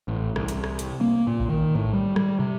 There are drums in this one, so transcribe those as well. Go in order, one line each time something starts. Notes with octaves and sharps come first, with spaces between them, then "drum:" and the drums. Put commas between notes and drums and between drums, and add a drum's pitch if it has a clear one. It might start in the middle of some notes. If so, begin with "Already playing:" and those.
A1
C2, drum: rim click
drum: hi-hat
drum: rim click
drum: hi-hat
A#3
A#2
drum: kick A#1
D#3
A2
G3
G3, drum: rim click
C3